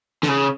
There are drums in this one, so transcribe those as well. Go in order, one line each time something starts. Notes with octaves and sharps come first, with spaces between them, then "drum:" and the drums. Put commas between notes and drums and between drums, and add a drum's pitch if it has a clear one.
D3, drum: snare
C#3